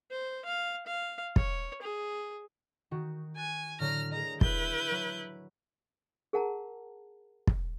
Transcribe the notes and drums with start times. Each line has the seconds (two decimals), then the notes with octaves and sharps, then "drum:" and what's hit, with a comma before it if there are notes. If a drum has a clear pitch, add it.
0.11 C5
0.45 F5
0.87 F5
1.36 C#5, drum: kick
1.82 G#4
2.91 D#3 D#4 F#4
3.36 G#5 F#6 A6
3.80 A2 D3 F#3 A#5 F6
4.12 G#4 A#4 D#5 A#5
4.41 E4 B4 E5 G6, drum: kick
4.91 F#3
6.33 G#4 A#4 F#5 A5 A#5
7.47 drum: kick